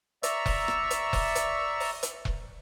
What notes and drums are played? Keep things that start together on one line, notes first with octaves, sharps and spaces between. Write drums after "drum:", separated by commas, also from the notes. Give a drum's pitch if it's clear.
D5 E5 A#5 C#6 E6, drum: hi-hat
drum: kick E1, open hi-hat
drum: rim click
drum: hi-hat
drum: kick E1, open hi-hat
drum: hi-hat
drum: open hi-hat
drum: hi-hat
drum: kick E1